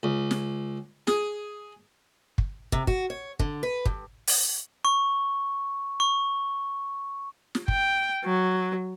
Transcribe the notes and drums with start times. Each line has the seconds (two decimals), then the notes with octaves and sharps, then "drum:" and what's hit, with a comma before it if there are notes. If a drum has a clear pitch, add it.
0.03 C#2
0.31 drum: snare
1.07 G#4, drum: snare
2.38 drum: kick
2.72 C3, drum: kick
2.87 F#4, drum: kick
3.10 C#5
3.39 D3, drum: kick
3.63 B4
3.85 G2, drum: kick
4.27 drum: open hi-hat
4.85 C#6
6.00 C#6
7.55 drum: snare
7.68 G5, drum: kick
8.25 F#3